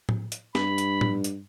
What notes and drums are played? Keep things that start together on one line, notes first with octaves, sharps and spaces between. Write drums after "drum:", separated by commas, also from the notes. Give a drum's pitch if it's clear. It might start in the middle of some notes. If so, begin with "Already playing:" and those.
drum: tom A2
drum: hi-hat
G2 B5, drum: snare
drum: hi-hat
drum: tom A2
drum: hi-hat